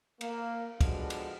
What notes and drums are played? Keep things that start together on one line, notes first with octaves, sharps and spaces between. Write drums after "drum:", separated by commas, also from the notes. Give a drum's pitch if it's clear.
A#3, drum: cymbal
F3 G#3 B3 D4 F#4 A4, drum: kick, cymbal
drum: cymbal